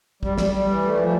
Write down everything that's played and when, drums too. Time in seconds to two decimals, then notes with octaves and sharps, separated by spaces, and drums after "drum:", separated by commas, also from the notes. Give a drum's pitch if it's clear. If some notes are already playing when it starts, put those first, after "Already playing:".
0.23 G3, drum: kick
0.38 G3, drum: snare
0.53 G3
0.68 E3
0.84 A3
0.99 F3